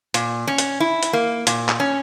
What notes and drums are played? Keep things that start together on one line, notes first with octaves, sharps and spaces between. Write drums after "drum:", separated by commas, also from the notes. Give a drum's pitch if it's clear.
A#2, drum: hi-hat
C#4
drum: hi-hat
E4
drum: hi-hat
A#3
A#2, drum: hi-hat
drum: clap
C#4